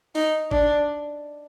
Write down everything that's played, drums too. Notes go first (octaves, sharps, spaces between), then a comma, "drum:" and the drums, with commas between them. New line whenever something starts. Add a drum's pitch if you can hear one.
D#4, drum: open hi-hat
D4, drum: kick G#1